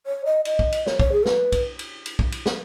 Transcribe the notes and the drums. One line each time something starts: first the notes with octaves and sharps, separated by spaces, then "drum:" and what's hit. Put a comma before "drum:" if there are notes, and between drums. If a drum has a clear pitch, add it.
C#5
D#5
D#5, drum: cymbal
drum: kick B1
drum: cymbal
C#5, drum: snare
C#5, drum: kick B1
G#4
B4, drum: snare
drum: kick B1, cymbal
drum: cymbal
drum: cymbal
drum: kick B1
drum: cymbal
drum: snare